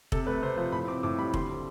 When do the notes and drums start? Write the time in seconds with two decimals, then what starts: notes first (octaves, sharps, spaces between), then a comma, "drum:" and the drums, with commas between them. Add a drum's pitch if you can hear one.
0.12 C3 A4, drum: kick
0.27 A3 B4
0.42 C3 C5
0.57 F3 C5
0.72 A2 B5
0.87 C4 D6
1.03 A2 D6
1.18 G3 B5
1.34 D3 C6, drum: kick
1.49 C4